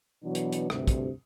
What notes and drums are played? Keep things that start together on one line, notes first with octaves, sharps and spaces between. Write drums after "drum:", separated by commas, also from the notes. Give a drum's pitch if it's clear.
B2 E3 F#3 B3 D4
drum: hi-hat
drum: hi-hat
D2 G2 C3, drum: rim click
drum: kick, hi-hat